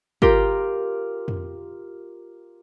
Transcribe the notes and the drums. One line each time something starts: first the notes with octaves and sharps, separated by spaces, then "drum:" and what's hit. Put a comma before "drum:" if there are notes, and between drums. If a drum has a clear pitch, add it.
F4 G4 A#4, drum: kick
drum: tom F2